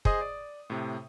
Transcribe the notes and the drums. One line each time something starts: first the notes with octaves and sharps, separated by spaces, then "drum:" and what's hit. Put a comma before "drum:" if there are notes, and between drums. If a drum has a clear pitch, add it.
G#4 C5 D#5 D#6, drum: kick
D5
A2 C3